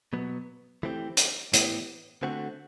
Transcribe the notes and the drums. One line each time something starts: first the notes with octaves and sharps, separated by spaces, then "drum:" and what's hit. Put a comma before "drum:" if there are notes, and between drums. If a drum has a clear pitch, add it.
B2 F#3 B3
E3 A3 C4 G4
drum: hi-hat
A2 E3 B3 E4 G4, drum: hi-hat
D3 A3 C4 F#4